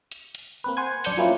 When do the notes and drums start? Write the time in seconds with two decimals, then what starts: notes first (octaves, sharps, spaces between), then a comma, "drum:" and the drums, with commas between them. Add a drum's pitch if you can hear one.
0.11 drum: hi-hat
0.35 drum: hi-hat
0.64 A#3 C4 B4
0.77 C5 F#5 G#5 G#6
1.04 F#2 D4 G6 C#7, drum: open hi-hat
1.17 F3 F#3 A#3 C#4 E4 F4